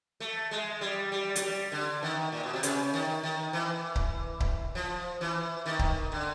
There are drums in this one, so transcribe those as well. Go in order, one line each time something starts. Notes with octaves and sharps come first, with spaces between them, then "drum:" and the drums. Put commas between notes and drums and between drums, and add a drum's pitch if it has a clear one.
A3
G#3
G3
G3
F#3, drum: hi-hat
G3
D3
D#3
A#2
B2
C3
C#3, drum: hi-hat
D#3
D#3
E3
drum: kick C#1
drum: kick C#1
F3
E3
D#3
drum: kick C#1
D3